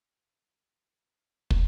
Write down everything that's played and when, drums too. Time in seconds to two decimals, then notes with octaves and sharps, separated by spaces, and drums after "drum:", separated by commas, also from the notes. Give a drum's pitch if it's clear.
0.13 B4
0.48 A#4 G#5
0.77 E4 A#4
1.17 G#4
1.51 drum: kick